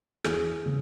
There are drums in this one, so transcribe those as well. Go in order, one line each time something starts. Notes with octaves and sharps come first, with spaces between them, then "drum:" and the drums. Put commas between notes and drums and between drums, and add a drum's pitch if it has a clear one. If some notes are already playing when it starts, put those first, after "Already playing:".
E2 G#4, drum: rim click
C#3